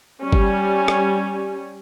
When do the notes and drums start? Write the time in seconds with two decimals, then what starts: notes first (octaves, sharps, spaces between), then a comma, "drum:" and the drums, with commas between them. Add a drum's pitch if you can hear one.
0.21 G3 C#4
0.32 drum: kick G1
0.88 drum: rim click